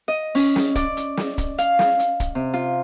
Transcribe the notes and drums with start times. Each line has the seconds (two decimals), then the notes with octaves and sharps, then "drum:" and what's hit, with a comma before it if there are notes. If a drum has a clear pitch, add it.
0.08 D#5
0.35 C#4, drum: open hi-hat
0.56 drum: snare
0.75 D5, drum: kick, hi-hat
0.97 drum: hi-hat
1.17 drum: snare
1.38 drum: kick, hi-hat
1.58 F5, drum: hi-hat
1.79 drum: snare
1.99 drum: hi-hat
2.20 drum: kick, hi-hat
2.35 C3
2.54 F4